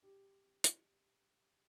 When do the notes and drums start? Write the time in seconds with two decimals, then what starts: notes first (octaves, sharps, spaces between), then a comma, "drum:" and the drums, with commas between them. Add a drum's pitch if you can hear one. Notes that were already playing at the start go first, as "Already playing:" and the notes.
0.03 G4
0.64 drum: hi-hat